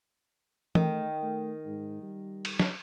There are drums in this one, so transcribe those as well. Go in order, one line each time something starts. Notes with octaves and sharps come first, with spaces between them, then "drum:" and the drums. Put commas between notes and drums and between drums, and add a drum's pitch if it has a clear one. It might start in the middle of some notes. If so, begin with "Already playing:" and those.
D#3 A3, drum: tom E3
A3
G#2
G3
drum: cymbal
drum: snare